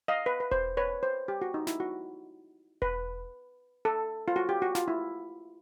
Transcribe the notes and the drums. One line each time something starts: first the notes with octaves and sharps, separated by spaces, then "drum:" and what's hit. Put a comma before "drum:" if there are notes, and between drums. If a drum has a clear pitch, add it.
D#5 F5
B4
B4
C5, drum: kick E1
B4 C#5
C5
G4
F#4
D#4
E4, drum: snare
F#4
B4, drum: kick E1
A4
F4
F#4
G4
F#4
F4, drum: snare
E4